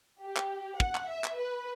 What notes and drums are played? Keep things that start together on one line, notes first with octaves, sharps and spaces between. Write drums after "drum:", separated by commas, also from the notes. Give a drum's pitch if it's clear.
G4
drum: clap
F#5, drum: kick
drum: clap
E5
drum: clap
B4